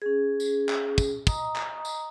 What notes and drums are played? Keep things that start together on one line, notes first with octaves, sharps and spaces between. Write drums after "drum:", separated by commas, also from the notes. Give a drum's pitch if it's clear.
C#4 G#4
drum: tambourine
drum: clap
drum: kick, tambourine
D#5 A#5 D#6, drum: kick, tambourine
drum: clap
drum: tambourine